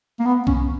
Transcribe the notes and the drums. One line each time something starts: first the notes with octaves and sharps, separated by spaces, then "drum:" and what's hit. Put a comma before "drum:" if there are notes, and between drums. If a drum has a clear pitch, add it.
A#3
B3
C#4, drum: kick B1